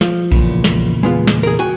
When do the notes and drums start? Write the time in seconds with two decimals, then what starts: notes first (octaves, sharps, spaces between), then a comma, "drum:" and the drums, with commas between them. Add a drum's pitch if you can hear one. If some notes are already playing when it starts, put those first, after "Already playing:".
0.01 F3, drum: snare
0.32 E2 A#2 C#3, drum: kick A#1, open hi-hat
0.64 drum: snare
1.03 G#3 B3 F4
1.27 drum: snare
1.43 G#4 A#4
1.59 F#4 G5 G#5, drum: hi-hat